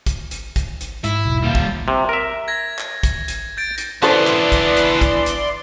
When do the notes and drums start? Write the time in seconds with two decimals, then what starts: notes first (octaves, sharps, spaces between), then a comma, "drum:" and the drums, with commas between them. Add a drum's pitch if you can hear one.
0.06 drum: kick A#1, hi-hat
0.31 drum: hi-hat
0.56 drum: kick A#1, hi-hat
0.81 drum: hi-hat
1.04 G#2 E4, drum: hi-hat
1.25 E1 B1
1.43 D#2 A#2 G3 F4
1.55 drum: kick A#1
1.88 C3
2.09 A#4 E5
2.48 G#6 A#6
2.79 drum: clap
3.03 drum: kick A#1, hi-hat
3.28 drum: hi-hat
3.57 G6 A6 D7
3.78 drum: hi-hat
4.02 E3 B3 C#4 D4 A4 C5 D5 C6, drum: hi-hat
4.27 drum: clap
4.52 drum: kick A#1, hi-hat
4.77 drum: hi-hat
5.01 drum: kick A#1, hi-hat
5.26 drum: hi-hat